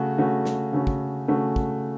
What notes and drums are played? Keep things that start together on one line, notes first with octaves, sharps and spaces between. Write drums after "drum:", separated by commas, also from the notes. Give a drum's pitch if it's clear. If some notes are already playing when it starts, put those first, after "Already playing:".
Already playing: C#3 A3 C#4 F#4
C#3 A3 C#4 F#4
drum: snare
C#3 A3 C#4 F#4
drum: kick
C#3 A3 C#4 F#4
drum: kick